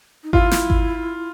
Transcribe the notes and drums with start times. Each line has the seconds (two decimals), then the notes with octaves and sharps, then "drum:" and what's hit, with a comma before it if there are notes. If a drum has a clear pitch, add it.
0.24 D#4
0.33 E4 F4, drum: kick G#1
0.51 drum: snare
0.70 drum: kick G#1